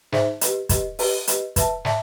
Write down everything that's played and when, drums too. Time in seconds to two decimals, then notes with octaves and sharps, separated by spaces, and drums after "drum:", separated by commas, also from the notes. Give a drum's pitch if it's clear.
0.12 D#4 G#4 C5 E5, drum: snare
0.41 G4 B4 D#5, drum: hi-hat
0.69 G4 B4 D#5, drum: kick, hi-hat
0.99 G4 B4 D#5, drum: open hi-hat
1.27 G4 B4 D#5, drum: hi-hat
1.56 B4 E5 A5, drum: kick, hi-hat
1.85 E5 A5, drum: snare